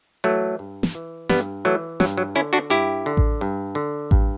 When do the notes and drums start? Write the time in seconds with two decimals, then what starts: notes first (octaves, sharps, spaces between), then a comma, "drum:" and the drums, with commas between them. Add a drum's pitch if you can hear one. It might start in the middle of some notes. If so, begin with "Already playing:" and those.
0.24 E3 F#3 A3
0.59 G2
0.83 drum: snare
0.95 E3
1.30 G2 G3 B3, drum: snare
1.65 E3 F#3 A3
2.00 G2 F#3, drum: snare
2.18 F#3
2.35 D3 C#4 E4
2.53 D4 F#4
2.70 G2 E4 G4
3.06 D3
3.17 drum: kick A1
3.41 G2
3.75 D3
4.11 G2, drum: kick A1